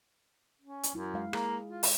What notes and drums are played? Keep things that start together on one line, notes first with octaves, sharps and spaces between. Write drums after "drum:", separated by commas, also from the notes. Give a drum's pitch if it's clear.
C#4
drum: hi-hat
F#2 E4
G#3 F5
A#3 G#4, drum: rim click
F4
drum: open hi-hat